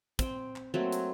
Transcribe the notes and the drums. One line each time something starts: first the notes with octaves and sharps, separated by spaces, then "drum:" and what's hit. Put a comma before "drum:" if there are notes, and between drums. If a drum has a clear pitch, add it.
C4 G5, drum: kick, hi-hat
drum: clap
F#3 A3 A#3 C4
drum: hi-hat